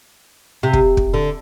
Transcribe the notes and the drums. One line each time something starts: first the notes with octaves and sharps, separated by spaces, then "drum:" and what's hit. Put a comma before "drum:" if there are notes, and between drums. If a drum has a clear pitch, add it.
C3
drum: kick
drum: kick
D3